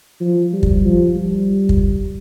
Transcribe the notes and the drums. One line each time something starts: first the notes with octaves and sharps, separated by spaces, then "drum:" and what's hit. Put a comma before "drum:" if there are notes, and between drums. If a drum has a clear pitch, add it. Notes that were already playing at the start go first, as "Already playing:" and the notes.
F3
G3
drum: kick
F3
G3
drum: kick